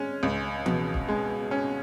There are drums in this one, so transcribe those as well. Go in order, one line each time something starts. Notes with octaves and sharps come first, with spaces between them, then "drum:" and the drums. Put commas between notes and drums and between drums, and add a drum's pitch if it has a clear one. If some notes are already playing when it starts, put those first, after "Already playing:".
Already playing: G#3 C#4
C#2
B2, drum: tom E3
drum: kick
G#3
C#4